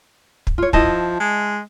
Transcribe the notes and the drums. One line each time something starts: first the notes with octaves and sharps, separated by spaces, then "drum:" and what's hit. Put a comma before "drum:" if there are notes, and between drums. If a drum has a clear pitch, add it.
drum: kick
F4 C#5
F3 E4 D#5 A5, drum: kick
G#3